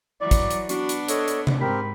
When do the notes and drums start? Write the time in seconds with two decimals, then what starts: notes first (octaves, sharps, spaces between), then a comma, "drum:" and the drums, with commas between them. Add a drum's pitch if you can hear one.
0.21 E3 F#3 D5
0.31 drum: kick, hi-hat
0.51 drum: hi-hat
0.69 B3 D4 F#4, drum: hi-hat
0.89 drum: hi-hat
1.08 A4 C#5 D#5, drum: hi-hat
1.28 drum: hi-hat
1.47 drum: tom C3
1.61 G#2 C4 G4 A#4 B5